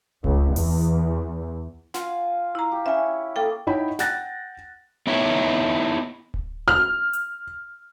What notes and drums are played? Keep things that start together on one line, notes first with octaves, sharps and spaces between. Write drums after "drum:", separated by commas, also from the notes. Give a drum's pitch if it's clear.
C#2, drum: kick D1
E2, drum: open hi-hat
F4 F5 F#5 G#5, drum: snare
E4 A#5
G4
C#4 E4 E5 G#5
A#3 G#4 A4 G5
D#4 E4 C#5 F#5 G5 B5
F#5 G5 F#6 A6 A#6, drum: snare
B3 D#4 E4 C#5
drum: kick D1
F6
drum: hi-hat